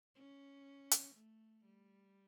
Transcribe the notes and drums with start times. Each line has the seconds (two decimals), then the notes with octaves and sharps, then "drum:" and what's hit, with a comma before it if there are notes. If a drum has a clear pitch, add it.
0.15 C#4
0.91 drum: hi-hat
1.15 A3
1.65 G3